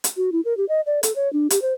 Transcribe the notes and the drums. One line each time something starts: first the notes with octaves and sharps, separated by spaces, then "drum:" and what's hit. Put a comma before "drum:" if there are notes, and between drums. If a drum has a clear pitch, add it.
drum: hi-hat
F#4
E4
A#4
G4
D#5
D5
A4, drum: hi-hat
C#5
D4
G4, drum: hi-hat
C5